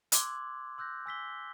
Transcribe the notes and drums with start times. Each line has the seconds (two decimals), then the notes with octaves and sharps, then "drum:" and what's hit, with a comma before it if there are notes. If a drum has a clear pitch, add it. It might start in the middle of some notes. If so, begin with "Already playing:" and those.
0.12 C6 D6 E6 F#6 G#6, drum: hi-hat
0.78 C6 E6 F#6 G6 A#6
1.06 G#5 E6 B6 G7